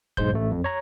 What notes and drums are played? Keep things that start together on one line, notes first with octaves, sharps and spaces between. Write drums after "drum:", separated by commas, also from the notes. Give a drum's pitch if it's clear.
B1 G#2 G#3 C5 G6, drum: kick
A1 A3
F2
C#5 A#5